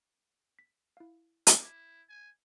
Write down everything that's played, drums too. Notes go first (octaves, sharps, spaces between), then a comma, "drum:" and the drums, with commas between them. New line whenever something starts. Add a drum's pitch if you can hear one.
B6
E4 F5
drum: hi-hat
E4 D6
G#5